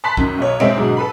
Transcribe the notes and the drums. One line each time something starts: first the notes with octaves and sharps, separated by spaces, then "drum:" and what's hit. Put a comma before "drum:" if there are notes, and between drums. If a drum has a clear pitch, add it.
A5 B5 C6 F#6 B6
F#2 D#3, drum: kick
B1 C#5
G#2 G#3 C4 G4 E5 D7, drum: tom B2
G#2 B2 D3 F#3
A4 B4 B5